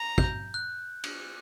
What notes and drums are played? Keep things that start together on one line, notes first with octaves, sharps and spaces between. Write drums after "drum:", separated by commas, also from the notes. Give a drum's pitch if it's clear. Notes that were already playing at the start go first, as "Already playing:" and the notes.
Already playing: A#5
G6, drum: kick
F#6
drum: cymbal